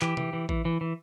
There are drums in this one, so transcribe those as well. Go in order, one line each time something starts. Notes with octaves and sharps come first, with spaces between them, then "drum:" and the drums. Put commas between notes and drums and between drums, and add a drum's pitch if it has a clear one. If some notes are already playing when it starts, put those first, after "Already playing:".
E3 G4, drum: clap
E3, drum: tom C3
E3
E3, drum: kick A1
E3
E3